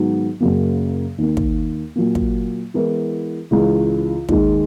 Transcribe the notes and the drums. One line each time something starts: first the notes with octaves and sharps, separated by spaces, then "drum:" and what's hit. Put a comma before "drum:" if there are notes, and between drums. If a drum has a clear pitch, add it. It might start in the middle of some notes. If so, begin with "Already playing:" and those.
Already playing: G#2 D#3 F#3 B3 F#4
F#2 C#3 F#3 A#3
D#2 D#3 A#3
drum: kick
A#2 F#3 A#3
drum: kick
E3 G#3 B3 E4 A#4
C#2 C#3 E3
D#2 D#3 G#3, drum: kick